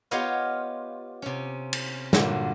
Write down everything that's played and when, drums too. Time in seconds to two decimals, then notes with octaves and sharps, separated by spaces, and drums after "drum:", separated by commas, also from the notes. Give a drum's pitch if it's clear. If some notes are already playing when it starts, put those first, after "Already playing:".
0.11 B3 F4 G4 C#5 D#5 F5
1.22 C3 C#4
1.73 drum: cymbal
2.13 G2 A#2 D3 F#3, drum: snare